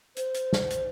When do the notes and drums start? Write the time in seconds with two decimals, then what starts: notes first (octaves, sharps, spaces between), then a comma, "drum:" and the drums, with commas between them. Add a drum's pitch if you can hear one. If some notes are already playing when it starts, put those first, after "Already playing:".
0.17 C5, drum: hi-hat
0.35 drum: hi-hat
0.53 drum: snare
0.71 drum: hi-hat